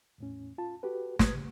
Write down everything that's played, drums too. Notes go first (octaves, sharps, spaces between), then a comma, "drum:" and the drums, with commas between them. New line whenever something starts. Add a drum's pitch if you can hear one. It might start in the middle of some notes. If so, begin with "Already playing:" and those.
E2 A2 C#4
F4 A5
F#4 G4 A4 B4
B4 D#6 G#6, drum: snare
C2 C#3